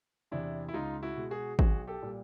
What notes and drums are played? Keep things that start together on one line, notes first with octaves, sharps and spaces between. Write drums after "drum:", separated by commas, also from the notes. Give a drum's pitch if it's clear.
E2 C3 E3 D4 E4
E4
C#2 D#4 F4
E4 F#4
B2 G#3
F#4 G#4
B1 F#4 G#4, drum: kick G#1
G4 A4
A#2 G3